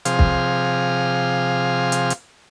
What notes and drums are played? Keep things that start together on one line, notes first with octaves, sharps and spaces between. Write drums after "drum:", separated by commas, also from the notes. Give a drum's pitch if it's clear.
C3 F3 G#4 F5, drum: hi-hat
drum: kick
drum: hi-hat
drum: hi-hat